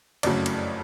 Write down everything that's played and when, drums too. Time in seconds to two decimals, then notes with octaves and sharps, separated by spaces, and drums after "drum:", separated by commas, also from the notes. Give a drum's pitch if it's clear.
0.23 F#1 F2 C#3 F#3 A3 D5, drum: cymbal
0.46 drum: cymbal